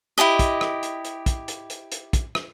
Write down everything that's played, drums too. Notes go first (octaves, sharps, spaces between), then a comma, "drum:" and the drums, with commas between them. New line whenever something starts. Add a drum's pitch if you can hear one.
E4 G4 G#4 D#5
drum: kick, hi-hat
drum: rim click
drum: hi-hat
drum: hi-hat
drum: kick, hi-hat
drum: hi-hat
drum: hi-hat
drum: hi-hat
drum: kick, hi-hat
drum: rim click